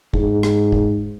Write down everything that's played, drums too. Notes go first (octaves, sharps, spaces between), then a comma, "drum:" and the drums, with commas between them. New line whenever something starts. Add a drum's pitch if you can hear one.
G#2, drum: kick
drum: rim click
drum: kick